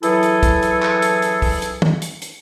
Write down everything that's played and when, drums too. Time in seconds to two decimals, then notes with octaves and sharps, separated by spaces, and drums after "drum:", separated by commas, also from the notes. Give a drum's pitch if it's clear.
0.03 E3 F#3 E4 G#4 A4, drum: hi-hat
0.23 drum: hi-hat
0.43 drum: kick, hi-hat
0.63 drum: hi-hat
0.82 drum: clap
1.02 drum: hi-hat
1.22 drum: hi-hat
1.42 drum: kick, open hi-hat
1.62 drum: hi-hat
1.82 drum: tom
2.02 drum: hi-hat
2.22 drum: hi-hat